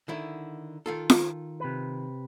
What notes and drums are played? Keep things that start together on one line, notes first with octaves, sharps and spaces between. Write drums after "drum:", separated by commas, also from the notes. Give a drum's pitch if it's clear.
D3 D#3 E4
D#3 F4 A4
drum: snare F4
C3 B4